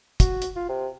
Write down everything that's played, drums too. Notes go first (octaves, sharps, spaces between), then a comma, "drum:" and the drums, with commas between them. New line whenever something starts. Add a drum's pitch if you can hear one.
F#4, drum: kick, hi-hat
drum: hi-hat
F4
C3